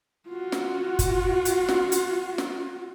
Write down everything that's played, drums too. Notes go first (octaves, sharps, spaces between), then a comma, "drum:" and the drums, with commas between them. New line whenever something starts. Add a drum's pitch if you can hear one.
F4 F#4
drum: snare
drum: kick, hi-hat
drum: hi-hat
drum: snare
drum: hi-hat
drum: snare